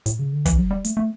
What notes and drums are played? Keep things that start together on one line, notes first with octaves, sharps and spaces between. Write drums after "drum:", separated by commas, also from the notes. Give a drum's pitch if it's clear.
A2, drum: hi-hat
C#3
D3
E3, drum: kick, hi-hat
F#3
G3
A3, drum: hi-hat
A3